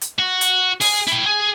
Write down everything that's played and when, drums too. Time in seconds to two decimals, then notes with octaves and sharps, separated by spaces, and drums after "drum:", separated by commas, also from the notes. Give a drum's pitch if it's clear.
0.01 drum: hi-hat
0.19 F#4
0.41 drum: hi-hat
0.81 G#4, drum: open hi-hat
1.07 E4 G5
1.26 G#4